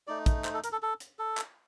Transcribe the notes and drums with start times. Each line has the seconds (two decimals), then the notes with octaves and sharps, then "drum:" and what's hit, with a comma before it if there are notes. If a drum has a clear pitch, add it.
0.07 A3 D#4 D5
0.26 drum: kick, hi-hat
0.44 C5, drum: clap
0.54 A4
0.64 A#4, drum: hi-hat
0.72 A4
0.82 A4
1.00 drum: hi-hat
1.19 A4
1.37 drum: clap